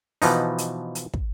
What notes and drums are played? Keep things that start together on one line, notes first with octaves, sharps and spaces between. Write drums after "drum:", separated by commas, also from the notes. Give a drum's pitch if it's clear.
B2 E3 F3 D#4, drum: open hi-hat
drum: hi-hat
drum: hi-hat
drum: kick